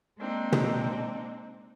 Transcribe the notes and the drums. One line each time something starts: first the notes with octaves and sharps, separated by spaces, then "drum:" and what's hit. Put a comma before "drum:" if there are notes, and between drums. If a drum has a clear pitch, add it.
G#3 A#3 C4 D4 D#4
drum: tom